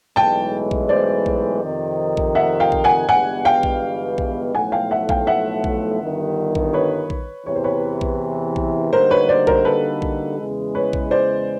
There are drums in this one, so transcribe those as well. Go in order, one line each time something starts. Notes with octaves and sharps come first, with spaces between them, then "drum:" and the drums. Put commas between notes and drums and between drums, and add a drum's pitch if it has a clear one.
B1 A2 E3 G#3 G5 A5
drum: kick A#1
C5 D5
drum: kick A#1
F2 C3 D#3
drum: kick A#1
E5 F#5
F5 G5
drum: kick A#1
F#5 G#5
G1 G2 E3 G#3 B3 F#5 G#5
F5 G5
drum: kick A#1
drum: kick A#1
B1 A2 F3 A3 F#5 G#5
F5 G5
E5 F#5
F5 G5, drum: kick A#1
E5 F#5
drum: kick A#1
G1 G2 D#3
drum: kick A#1
B4 C#5
drum: kick A#1
E2 C3 E3 C#5
C5
B4 C#5
drum: kick A#1
drum: kick A#1
D3 G3 A#3 D#4 F#4 A#4 C5
B4 C#5
C5 D5
A#4 C5, drum: kick A#1
A4 B4
drum: kick A#1
E2 C#3 E3 G#3
B4 C#5
drum: kick A#1
C5 D5